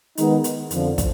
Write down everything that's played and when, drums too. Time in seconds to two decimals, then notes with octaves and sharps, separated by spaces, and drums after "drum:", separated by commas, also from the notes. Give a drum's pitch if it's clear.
0.17 D#3 G#3 B3 D#4, drum: hi-hat
0.44 drum: hi-hat
0.71 F2 D3 F3, drum: hi-hat
0.98 drum: kick, hi-hat